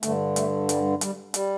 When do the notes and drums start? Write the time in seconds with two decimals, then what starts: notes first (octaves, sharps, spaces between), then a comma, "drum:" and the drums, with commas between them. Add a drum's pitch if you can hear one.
0.03 G2 D3 A3, drum: hi-hat
0.36 A3, drum: hi-hat
0.69 G3, drum: hi-hat
1.01 G3, drum: hi-hat
1.34 G3, drum: hi-hat